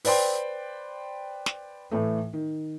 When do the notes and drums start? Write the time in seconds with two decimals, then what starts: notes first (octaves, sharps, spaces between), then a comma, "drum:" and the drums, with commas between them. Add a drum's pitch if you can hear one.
0.05 B4 C5 D5 G5 C6, drum: open hi-hat
1.46 drum: snare
1.91 A2 E3 A3
2.33 D#3